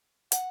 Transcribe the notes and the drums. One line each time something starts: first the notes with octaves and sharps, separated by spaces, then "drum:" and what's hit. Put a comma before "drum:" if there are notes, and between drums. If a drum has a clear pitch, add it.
F#5, drum: hi-hat